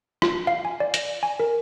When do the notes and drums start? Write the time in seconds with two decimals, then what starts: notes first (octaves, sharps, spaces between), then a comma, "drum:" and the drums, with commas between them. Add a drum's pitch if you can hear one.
0.22 F4, drum: rim click
0.47 F5
0.65 G#5
0.80 D5
0.94 A#6, drum: hi-hat
1.23 G#5
1.40 A#4